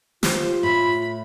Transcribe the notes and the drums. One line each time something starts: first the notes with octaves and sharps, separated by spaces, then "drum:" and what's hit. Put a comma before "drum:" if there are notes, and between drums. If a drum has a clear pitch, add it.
F4 G4 C5, drum: snare
A2 B5